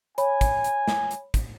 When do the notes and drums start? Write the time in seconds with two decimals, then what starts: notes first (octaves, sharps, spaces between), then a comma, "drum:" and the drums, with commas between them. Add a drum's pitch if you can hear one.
0.18 C#5 G#5 B5, drum: hi-hat
0.41 drum: kick, hi-hat
0.64 drum: hi-hat
0.88 drum: snare
1.11 drum: hi-hat
1.34 drum: kick, hi-hat